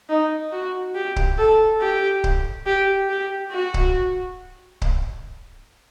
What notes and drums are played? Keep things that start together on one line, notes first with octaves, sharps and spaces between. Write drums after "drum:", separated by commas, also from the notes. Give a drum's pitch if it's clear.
D#4
F#4
G4
drum: kick C#1
A4
G4
drum: kick C#1
G4
G4
F#4
drum: kick C#1
drum: kick C#1